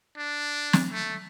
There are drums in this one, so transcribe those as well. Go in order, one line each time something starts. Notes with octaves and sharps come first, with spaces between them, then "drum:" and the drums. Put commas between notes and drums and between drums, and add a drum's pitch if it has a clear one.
D4
drum: snare
A3